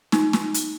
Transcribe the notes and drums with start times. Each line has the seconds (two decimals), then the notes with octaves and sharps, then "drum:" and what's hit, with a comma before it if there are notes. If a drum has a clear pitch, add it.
0.12 D#4, drum: snare
0.33 drum: snare
0.54 drum: hi-hat